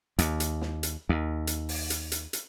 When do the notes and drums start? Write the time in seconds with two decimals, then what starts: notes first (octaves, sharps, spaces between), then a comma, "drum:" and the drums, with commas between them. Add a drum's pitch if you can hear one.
0.19 D#2, drum: hi-hat
0.40 drum: hi-hat
0.61 drum: snare
0.83 drum: hi-hat
1.09 D#2
1.47 drum: hi-hat
1.69 drum: open hi-hat
1.90 drum: hi-hat
2.12 drum: hi-hat
2.33 drum: hi-hat